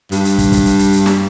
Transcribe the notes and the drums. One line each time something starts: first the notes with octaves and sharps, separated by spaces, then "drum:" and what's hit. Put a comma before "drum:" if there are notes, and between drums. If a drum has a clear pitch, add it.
G2, drum: hi-hat
drum: hi-hat
drum: kick, hi-hat
drum: kick, hi-hat
drum: hi-hat
drum: hi-hat
drum: hi-hat
drum: snare